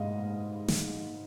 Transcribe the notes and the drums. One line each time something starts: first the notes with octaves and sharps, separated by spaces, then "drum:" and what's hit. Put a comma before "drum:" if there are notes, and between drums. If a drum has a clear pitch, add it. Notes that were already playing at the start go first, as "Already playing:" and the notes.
Already playing: G#2 G#3 D#5 F5
drum: snare